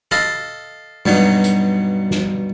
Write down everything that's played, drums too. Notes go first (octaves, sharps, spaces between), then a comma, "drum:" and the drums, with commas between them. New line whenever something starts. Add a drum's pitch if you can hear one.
A4 D#5 F5, drum: rim click
G2 B2 F#3 D#4, drum: tom G#3
drum: hi-hat
drum: snare